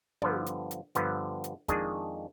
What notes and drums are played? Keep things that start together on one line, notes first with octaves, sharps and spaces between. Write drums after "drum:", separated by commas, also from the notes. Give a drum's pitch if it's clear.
G2 D3 F3 B3, drum: tom
drum: hi-hat
drum: hi-hat
G2 D3 F3 B3, drum: hi-hat
drum: hi-hat
F2 D#3 G#3 D4 G#4, drum: kick, hi-hat